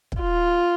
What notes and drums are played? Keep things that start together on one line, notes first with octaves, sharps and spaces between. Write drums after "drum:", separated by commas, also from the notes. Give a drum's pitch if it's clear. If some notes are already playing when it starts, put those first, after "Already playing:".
drum: kick
F4